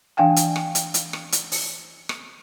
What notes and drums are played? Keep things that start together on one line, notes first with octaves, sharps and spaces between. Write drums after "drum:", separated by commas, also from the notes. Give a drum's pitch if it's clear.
E3 D4 F5 G5 G#5
drum: hi-hat
drum: rim click
drum: hi-hat
drum: hi-hat
drum: rim click
drum: hi-hat
drum: open hi-hat
drum: rim click